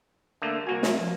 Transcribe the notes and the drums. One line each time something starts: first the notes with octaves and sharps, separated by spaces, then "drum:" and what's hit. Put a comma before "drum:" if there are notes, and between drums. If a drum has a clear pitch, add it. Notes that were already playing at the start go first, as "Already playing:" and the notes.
D3 A3 A#3
C2 A#3 F#4 G#5
A3, drum: snare
F3